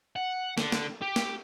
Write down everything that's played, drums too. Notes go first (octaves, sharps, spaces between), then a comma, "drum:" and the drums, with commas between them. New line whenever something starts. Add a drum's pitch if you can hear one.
F#5
D3, drum: snare
drum: snare
G4
drum: snare